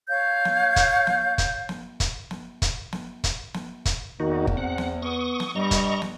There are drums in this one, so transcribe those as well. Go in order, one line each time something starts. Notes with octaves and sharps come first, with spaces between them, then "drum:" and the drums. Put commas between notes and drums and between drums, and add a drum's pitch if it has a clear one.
C#5 F5 G6
drum: snare
drum: kick, hi-hat
drum: snare
drum: kick, hi-hat
drum: snare
drum: kick, hi-hat
drum: snare
drum: kick, hi-hat
drum: snare
drum: kick, hi-hat
drum: snare
drum: kick, hi-hat
E2 D#3 A#3 D#4 F#4
drum: kick
C4 F#5
drum: snare
B3 C#6 D#6
drum: snare
G2 G3 D#5 A#5 C#6
drum: kick, hi-hat
drum: snare